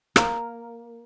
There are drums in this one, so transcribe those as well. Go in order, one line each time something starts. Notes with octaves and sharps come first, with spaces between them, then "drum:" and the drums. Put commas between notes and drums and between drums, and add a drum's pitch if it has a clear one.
A#3 A#4, drum: rim click